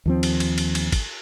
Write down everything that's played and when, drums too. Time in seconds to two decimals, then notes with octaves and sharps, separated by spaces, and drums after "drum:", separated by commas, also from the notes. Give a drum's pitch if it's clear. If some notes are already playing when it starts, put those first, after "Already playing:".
0.06 D#2 F3 C4
0.23 drum: cymbal
0.40 drum: cymbal
0.58 drum: cymbal
0.75 drum: cymbal
0.92 drum: kick, cymbal